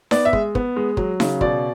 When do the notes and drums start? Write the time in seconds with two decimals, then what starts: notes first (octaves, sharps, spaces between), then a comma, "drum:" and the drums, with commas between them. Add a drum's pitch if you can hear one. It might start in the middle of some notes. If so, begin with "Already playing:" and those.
0.11 B3 D5, drum: snare D#4
0.25 E5
0.33 G#3, drum: kick
0.55 B3, drum: kick
0.76 G#3
0.97 F#3, drum: kick
1.20 C#3, drum: snare D#4
1.41 B2 D5, drum: kick